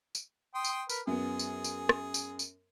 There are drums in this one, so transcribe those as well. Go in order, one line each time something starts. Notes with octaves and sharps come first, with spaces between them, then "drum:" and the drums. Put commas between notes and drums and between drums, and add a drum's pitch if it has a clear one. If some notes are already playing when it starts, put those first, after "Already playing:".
drum: tambourine
G5 C6 D#6
drum: tambourine
A#4 B4, drum: tambourine
F#2 B3 G#4
drum: tambourine
drum: tambourine
drum: rim click
drum: tambourine
drum: tambourine